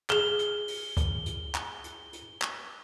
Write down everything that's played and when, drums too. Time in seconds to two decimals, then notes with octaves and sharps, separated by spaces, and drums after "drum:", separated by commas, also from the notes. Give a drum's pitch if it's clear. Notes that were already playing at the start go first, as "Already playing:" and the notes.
0.10 G#4 F6 E7 G7, drum: clap
0.39 drum: hi-hat
0.68 drum: open hi-hat
0.97 drum: kick C#2, hi-hat
1.26 drum: hi-hat
1.55 drum: clap
1.84 drum: hi-hat
2.13 drum: hi-hat
2.42 drum: clap